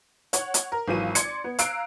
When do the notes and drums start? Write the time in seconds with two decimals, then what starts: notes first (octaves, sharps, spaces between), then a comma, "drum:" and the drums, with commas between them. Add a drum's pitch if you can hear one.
0.33 C#5 F#5, drum: hi-hat
0.54 drum: hi-hat
0.72 A#4
0.88 G#1 E3 F#3 F4 D#7
1.15 D5 C6 G#6 C#7, drum: hi-hat
1.44 B3
1.59 F5 A#5 E6 F#6 C7 D7, drum: hi-hat